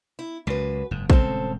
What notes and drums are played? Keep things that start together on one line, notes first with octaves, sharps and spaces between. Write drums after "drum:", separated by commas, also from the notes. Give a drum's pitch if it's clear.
E4
C#2 F#2 C#3 B4
F#1 G#2
D#1 C#3 G#3 C4 A4, drum: kick